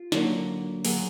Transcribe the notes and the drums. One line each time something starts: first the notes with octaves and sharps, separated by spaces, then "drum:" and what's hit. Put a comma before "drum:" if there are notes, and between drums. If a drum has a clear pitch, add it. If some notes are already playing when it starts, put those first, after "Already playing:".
Already playing: F4
D3 F#3 A#3, drum: snare
A#2 F#3 A#3 G#4, drum: open hi-hat